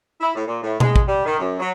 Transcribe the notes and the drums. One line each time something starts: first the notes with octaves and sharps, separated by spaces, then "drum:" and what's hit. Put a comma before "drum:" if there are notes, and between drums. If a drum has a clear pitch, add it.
E4
A2
A#2
A2
G#3, drum: tom B2
drum: kick A1
G3
D#3
F#2
F#3